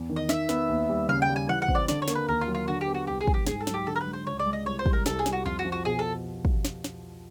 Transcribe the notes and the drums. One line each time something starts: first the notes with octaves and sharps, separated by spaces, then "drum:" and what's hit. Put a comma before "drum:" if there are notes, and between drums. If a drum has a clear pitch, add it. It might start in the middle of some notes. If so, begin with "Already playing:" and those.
Already playing: E2
D#3
D#5
D#3 E5, drum: snare
B3, drum: snare
D#2
G3
C#3 F5
G5
G3
G#5
E3 F#5
F#5
C4, drum: kick
D5
D3 D5, drum: snare
C#5
A#3, drum: snare
B4
D#2 A#4
F4
F#3
F4
D3 F#4
G4
B3
F#4
C2 G4
G#4
G3, drum: kick
G4
G#2 G#4, drum: snare
A4
F#3, drum: snare
G4
D3 A4
A#4
B4
G#3
C5
C#2 C#5
D5
G#3
D#5
C2 C#5
C5
G3, drum: kick
A#4
C2 A4, drum: snare
G#4
G3, drum: snare
F#4
F2 F4
F#4
F3
F#4
B2 G#4
A4
drum: kick
drum: snare
drum: snare